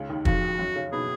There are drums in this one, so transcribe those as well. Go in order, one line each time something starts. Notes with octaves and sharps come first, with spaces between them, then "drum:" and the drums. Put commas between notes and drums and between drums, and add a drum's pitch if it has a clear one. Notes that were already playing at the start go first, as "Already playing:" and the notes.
Already playing: C#2 C#3
D#2 D#3
F2 F3 F#4, drum: kick
F#2 F#3
C#3 C#4
B2 B3 G#4